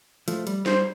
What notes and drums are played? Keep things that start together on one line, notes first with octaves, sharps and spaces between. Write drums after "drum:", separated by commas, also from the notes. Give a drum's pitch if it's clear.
F3 A3, drum: hi-hat
G3, drum: hi-hat
G3 C5, drum: snare